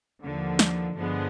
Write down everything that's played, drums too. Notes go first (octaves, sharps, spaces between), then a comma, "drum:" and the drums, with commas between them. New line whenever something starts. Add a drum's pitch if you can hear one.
D#2 D3 F3
drum: snare
G2 D3 F3 G#3 B3